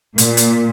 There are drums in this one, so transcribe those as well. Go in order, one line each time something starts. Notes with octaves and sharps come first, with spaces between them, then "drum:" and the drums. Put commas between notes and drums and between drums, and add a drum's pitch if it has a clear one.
A#2, drum: hi-hat
drum: hi-hat